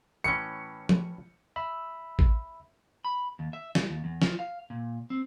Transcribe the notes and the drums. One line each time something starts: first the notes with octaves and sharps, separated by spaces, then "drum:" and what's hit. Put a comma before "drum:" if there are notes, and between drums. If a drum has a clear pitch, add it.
A2 E3 C#4 C#7
drum: tom
E5 B5 E6
drum: kick A1
B5
D#2
E5
G3, drum: snare
D#2
E2
F3, drum: snare
F5
A#2
C4